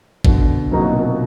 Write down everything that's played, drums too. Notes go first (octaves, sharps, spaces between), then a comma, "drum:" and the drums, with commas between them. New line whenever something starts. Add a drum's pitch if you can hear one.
B2 D3, drum: kick G1
C3 F#3 A#3 D#4 F#4
B2
A#2
B2